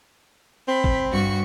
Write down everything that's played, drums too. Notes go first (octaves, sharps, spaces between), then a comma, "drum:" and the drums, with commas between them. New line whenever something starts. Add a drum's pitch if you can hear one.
C4 B5
drum: kick A1
G2 F#4 C#6